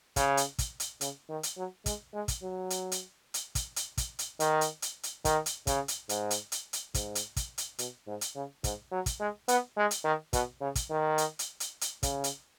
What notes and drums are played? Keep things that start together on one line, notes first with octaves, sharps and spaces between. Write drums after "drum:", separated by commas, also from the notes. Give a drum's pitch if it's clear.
C#3, drum: kick, hi-hat
drum: hi-hat
drum: kick, hi-hat
drum: hi-hat
C#3, drum: hi-hat
D#3
drum: hi-hat
F#3
G#3, drum: kick, hi-hat
G#3
drum: kick, hi-hat
F#3
drum: hi-hat
drum: hi-hat
drum: hi-hat
drum: kick, hi-hat
drum: hi-hat
drum: kick, hi-hat
drum: hi-hat
D#3, drum: hi-hat
drum: hi-hat
drum: hi-hat
drum: hi-hat
D#3, drum: kick, hi-hat
drum: hi-hat
C#3, drum: kick, hi-hat
drum: hi-hat
G#2, drum: hi-hat
drum: hi-hat
drum: hi-hat
drum: hi-hat
G#2, drum: kick, hi-hat
drum: hi-hat
drum: kick, hi-hat
drum: hi-hat
B2, drum: hi-hat
G#2
drum: hi-hat
C#3
G#2, drum: kick, hi-hat
F#3
drum: kick, hi-hat
G#3
B3, drum: hi-hat
G#3
drum: hi-hat
D#3
B2, drum: kick, hi-hat
C#3
drum: kick, hi-hat
D#3
drum: hi-hat
drum: hi-hat
drum: hi-hat
drum: hi-hat
C#3, drum: kick, hi-hat
drum: hi-hat